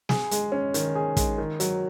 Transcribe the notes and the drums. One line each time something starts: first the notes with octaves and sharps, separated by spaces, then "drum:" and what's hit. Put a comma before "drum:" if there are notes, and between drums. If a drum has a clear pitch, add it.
G#4, drum: snare
G#3, drum: hi-hat
C#4
D#3, drum: hi-hat
G#4
G#3, drum: kick, hi-hat
D#3
F#3, drum: hi-hat